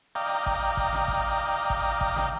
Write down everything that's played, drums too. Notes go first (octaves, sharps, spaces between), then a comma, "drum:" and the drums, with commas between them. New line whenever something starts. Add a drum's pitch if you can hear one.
D5 D#5 F5 G5 A#5
drum: kick
drum: kick
drum: snare
drum: kick
drum: kick
drum: kick
drum: snare